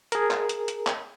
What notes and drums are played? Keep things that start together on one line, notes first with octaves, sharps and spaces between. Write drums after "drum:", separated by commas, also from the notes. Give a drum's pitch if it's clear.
G#4 A#4, drum: hi-hat
drum: clap
drum: hi-hat
drum: hi-hat
drum: clap